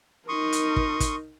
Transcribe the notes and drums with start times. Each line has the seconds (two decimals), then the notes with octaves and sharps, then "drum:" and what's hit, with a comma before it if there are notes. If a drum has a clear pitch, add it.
0.29 D#4 A#4 C6 C#6 D#6
0.52 drum: hi-hat
0.76 drum: kick
1.00 drum: kick, hi-hat